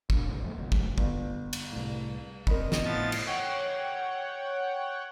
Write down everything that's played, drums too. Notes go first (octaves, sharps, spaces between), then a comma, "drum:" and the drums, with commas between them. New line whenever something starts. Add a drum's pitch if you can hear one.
B2 D4, drum: kick
D#2 A2 D3 C#4
E2 C#3 F3 A3
F#1 D#2 B2
C#3 F#3 A3, drum: kick
G1, drum: kick
drum: cymbal
C2 A2
C4 D4 A#4 D#5 B5, drum: kick
drum: snare
A2 F3 B3 A6
drum: cymbal
C#5 F#5 G5